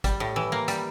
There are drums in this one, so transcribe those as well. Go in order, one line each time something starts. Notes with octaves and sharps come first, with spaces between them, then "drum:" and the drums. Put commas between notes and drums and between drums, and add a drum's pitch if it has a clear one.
G3, drum: kick G#1, hi-hat
A2
E3
A#3
G3, drum: hi-hat